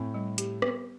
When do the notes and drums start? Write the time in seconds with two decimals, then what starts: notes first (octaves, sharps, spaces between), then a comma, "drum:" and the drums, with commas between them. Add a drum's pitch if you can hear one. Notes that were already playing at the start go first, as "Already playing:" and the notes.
Already playing: A2 C4
0.14 G3
0.38 G4, drum: hi-hat
0.62 B3, drum: rim click